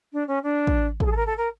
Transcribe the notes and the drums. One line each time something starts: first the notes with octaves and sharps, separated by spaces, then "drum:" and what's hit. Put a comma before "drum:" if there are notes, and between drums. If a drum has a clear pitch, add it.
D4
C#4
D4
drum: kick
A4, drum: kick
G#4
A4
A#4
A4
A#4